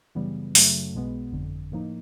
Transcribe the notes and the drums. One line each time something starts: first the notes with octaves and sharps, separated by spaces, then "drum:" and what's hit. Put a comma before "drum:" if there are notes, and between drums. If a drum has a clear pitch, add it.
F#2 C#3 E3 G3 B3
F#2 C#3 F#3 A3, drum: open hi-hat
B1 B2 G#3 B3
G1 F2 D3
A2 F3 A#3 D#4